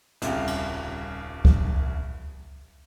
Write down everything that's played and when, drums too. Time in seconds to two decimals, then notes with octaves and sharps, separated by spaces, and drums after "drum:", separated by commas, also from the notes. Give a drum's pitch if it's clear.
0.22 D#1 C2 C#3 F4 G4, drum: hi-hat
0.47 drum: cymbal
1.45 drum: kick C#2